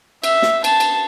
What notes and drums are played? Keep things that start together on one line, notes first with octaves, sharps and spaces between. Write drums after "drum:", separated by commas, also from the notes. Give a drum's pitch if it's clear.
E5, drum: cymbal
drum: snare
A5, drum: cymbal
drum: cymbal